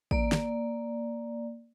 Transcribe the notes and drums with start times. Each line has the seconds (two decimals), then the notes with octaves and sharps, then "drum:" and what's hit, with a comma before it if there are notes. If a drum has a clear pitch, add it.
0.11 A#3 D5, drum: kick A1
0.32 drum: snare